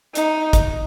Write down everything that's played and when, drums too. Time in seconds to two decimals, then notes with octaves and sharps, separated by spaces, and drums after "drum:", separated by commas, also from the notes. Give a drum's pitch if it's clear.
0.15 D#4, drum: hi-hat
0.53 drum: kick, hi-hat